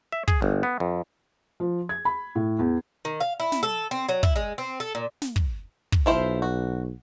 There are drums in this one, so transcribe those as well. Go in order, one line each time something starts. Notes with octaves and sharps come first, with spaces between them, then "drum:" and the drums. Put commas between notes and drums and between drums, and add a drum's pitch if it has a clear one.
E5
G#4, drum: kick
G1
B3
F2
F3
G#6
B5
A2
E2
D#3
F5
E4
drum: snare
A4
C4
F#3
E4, drum: kick
G#3
C4
A4
A#2
drum: snare
drum: kick
drum: kick
B1 F3 E4 C5
F#4